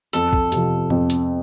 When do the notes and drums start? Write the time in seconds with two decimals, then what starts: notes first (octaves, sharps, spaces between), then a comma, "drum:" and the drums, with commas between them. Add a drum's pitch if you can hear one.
0.13 F2 A4, drum: hi-hat
0.33 drum: kick
0.52 C3 F3, drum: hi-hat
0.90 F2, drum: tom
1.10 drum: hi-hat